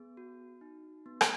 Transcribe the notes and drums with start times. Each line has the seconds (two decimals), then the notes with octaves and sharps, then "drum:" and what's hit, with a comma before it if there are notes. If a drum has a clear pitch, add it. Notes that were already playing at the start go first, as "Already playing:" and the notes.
Already playing: B3 G#4
0.17 F#4
0.61 D#4
1.06 B3
1.21 drum: rim click